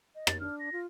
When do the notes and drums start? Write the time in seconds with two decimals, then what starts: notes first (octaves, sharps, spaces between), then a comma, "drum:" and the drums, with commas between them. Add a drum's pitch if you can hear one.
0.15 D#5
0.27 A6, drum: rim click
0.40 D4 F6
0.60 A#6
0.73 F4